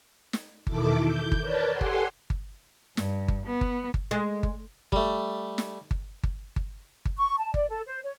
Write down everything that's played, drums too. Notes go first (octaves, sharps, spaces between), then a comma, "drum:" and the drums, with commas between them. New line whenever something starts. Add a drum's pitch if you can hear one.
drum: snare
E2 B2 D#3 E4 A4 D6, drum: kick G1
G6
drum: kick G1
A#4 B4 C#5 D5 A5
G4 A4 F#5 G#5 C6
drum: kick G1
drum: kick G1
G2, drum: snare
drum: kick G1
B3
drum: kick G1
drum: kick G1
G#3
drum: kick G1
G3 A3, drum: kick G1
drum: snare
drum: kick G1
drum: kick G1
drum: kick G1
drum: kick G1
C#6
A5
D5, drum: kick G1
A4
C5
C#5